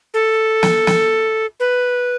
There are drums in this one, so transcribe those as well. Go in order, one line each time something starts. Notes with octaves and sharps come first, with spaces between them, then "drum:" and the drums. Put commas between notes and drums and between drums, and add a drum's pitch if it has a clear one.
A4
drum: snare
drum: snare
B4